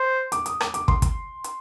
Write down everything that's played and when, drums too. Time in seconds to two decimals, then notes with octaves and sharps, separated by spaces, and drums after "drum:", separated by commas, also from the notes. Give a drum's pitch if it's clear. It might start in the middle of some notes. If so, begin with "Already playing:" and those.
Already playing: C5
0.32 D6, drum: hi-hat
0.46 D#6, drum: hi-hat
0.61 D6, drum: rim click
0.74 D6, drum: hi-hat
0.88 C6, drum: kick
1.02 drum: kick, hi-hat
1.44 drum: hi-hat